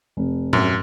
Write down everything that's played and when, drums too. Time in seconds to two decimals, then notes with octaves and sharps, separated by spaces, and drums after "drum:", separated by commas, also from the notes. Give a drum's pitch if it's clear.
0.17 F1
0.53 F#2, drum: tom G#2